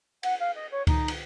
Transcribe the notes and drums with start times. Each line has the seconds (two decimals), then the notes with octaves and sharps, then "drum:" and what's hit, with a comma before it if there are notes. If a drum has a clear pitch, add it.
0.23 F#5, drum: cymbal
0.40 F5
0.55 D#5
0.71 C#5
0.87 D#4, drum: kick C#2, cymbal
1.08 drum: cymbal